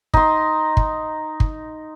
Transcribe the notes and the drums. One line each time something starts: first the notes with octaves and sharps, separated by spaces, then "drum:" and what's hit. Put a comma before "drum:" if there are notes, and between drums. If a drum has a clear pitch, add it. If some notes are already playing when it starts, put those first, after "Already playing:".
D#4 C6, drum: kick
drum: kick
drum: kick